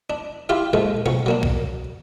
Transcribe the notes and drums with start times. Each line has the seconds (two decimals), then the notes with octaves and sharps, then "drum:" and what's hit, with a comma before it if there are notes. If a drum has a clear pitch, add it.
0.10 D4
0.49 E4 F4 G4 F5
0.73 A#2 F3 G#3 A3
1.06 B1 F3 C#6, drum: tom B2
1.26 F#3 A#3 D4
1.43 drum: kick